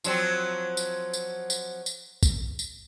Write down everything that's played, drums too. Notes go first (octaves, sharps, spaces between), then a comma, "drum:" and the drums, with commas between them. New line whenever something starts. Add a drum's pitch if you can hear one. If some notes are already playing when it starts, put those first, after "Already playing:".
F3 F#3 C4, drum: tambourine
drum: tambourine
drum: tambourine
drum: tambourine
drum: tambourine
drum: kick, tambourine
drum: tambourine